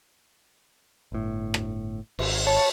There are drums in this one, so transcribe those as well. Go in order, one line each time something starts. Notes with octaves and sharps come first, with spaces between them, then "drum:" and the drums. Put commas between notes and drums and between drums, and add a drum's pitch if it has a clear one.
G1 A2
drum: rim click
G#1, drum: cymbal
C#5 A5